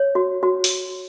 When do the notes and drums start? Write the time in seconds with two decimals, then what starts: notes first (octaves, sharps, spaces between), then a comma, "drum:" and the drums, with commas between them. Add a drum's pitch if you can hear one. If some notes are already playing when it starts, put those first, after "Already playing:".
Already playing: C#5
0.15 F#4
0.43 F#4
0.64 drum: open hi-hat